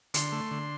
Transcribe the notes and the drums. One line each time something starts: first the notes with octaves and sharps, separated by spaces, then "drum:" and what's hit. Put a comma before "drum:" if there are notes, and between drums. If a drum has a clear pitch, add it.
D3 C6, drum: hi-hat
A3
D3